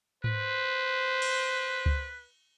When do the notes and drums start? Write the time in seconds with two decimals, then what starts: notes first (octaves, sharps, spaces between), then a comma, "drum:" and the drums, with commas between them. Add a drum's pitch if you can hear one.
0.24 B4 C5, drum: tom G#2
1.22 drum: cymbal
1.86 drum: kick C#2